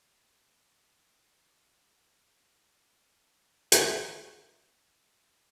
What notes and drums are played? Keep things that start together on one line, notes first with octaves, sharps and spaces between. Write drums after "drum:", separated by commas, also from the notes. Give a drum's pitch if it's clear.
D#4 F#4 F#5 B5
C#3 B5
G2 A#2 F#3
B2 F3 F#3 C5 D5
A1 A4
drum: hi-hat
F#4
C#4
D#5
G#4